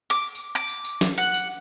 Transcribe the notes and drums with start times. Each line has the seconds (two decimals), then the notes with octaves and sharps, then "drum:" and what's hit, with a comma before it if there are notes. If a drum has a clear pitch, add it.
0.10 D6
0.35 drum: tambourine
0.55 D6
0.68 drum: tambourine
0.85 drum: tambourine
1.01 drum: snare
1.18 F#5, drum: tambourine
1.34 drum: tambourine